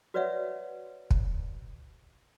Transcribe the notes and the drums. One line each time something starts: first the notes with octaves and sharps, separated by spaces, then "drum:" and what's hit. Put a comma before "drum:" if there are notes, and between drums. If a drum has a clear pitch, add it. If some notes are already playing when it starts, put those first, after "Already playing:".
F#4 B4 C#5 D5 E5 F#5
drum: kick